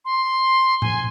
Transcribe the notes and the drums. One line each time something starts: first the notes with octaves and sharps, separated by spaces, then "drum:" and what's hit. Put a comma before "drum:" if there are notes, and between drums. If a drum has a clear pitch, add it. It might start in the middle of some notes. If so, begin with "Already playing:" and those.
C6
G#5, drum: tom A2